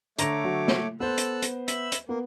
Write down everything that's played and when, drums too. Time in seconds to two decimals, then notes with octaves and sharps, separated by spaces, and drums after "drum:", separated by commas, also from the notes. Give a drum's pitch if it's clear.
0.19 D3 A3 C#5 A#5 D6 A#6 F7, drum: hi-hat
0.44 F#3
0.68 drum: snare
1.00 B3 A4 B4 C5 E6 F#6
1.18 drum: hi-hat
1.42 drum: hi-hat
1.68 E5 B5 E6, drum: hi-hat
1.92 drum: hi-hat
2.09 A#3 B3